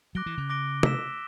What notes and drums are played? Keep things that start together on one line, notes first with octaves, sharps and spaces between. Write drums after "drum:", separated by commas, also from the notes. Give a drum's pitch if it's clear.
F#3 D6 F#6 A#6 D7 G7
E3
C#3
D6 F#6 A#6 D7 G7
E6 B6 E7, drum: tom